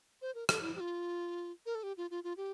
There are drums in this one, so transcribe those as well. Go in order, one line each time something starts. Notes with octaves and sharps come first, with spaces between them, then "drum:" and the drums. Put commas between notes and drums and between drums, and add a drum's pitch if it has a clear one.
C5
A#4
A4, drum: rim click
E4
G4
F4
A#4
A4
G4
F4
F4
F4
G4